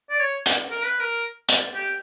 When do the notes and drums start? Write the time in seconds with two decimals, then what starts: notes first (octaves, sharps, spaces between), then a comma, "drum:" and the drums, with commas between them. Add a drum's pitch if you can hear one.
0.10 D5
0.20 C#5
0.46 drum: hi-hat
0.71 A#4
0.85 B4
1.00 A#4
1.49 drum: hi-hat
1.74 G4